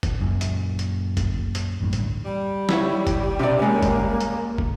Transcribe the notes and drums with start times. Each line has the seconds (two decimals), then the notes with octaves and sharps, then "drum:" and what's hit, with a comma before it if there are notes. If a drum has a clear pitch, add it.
0.03 drum: kick, hi-hat
0.21 F#2 A#2
0.41 drum: hi-hat
0.79 drum: hi-hat
1.17 drum: kick, hi-hat
1.55 drum: hi-hat
1.81 A1 D2 G2
1.93 drum: hi-hat
2.25 G3
2.69 E4 C#5, drum: snare
3.07 drum: kick, hi-hat
3.39 C3 D5
3.59 G#3 A#3 C#4
3.83 drum: kick, hi-hat
4.21 drum: hi-hat
4.58 drum: kick